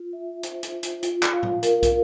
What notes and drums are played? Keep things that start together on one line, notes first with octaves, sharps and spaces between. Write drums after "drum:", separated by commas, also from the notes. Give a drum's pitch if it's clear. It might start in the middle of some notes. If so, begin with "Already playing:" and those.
Already playing: F4
E5
C5, drum: hi-hat
drum: hi-hat
F4
drum: hi-hat
F4, drum: hi-hat
drum: clap
F5
drum: tom A2
A#4, drum: hi-hat
drum: kick, hi-hat